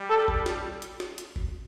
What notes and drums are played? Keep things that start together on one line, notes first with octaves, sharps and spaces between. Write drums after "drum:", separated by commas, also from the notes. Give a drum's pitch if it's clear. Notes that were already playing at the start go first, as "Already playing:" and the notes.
Already playing: G3
A4
drum: kick G1
drum: snare
drum: hi-hat
drum: snare
drum: hi-hat
drum: kick G1